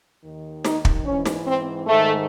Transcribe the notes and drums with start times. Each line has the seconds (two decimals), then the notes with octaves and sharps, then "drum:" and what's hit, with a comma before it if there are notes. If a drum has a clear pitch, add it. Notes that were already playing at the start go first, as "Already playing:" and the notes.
0.23 D#2 D#3
0.65 D#4, drum: snare
0.85 drum: kick
1.05 G#2 E3 C#4
1.26 drum: snare
1.46 C4
1.86 G#2 D#3 A3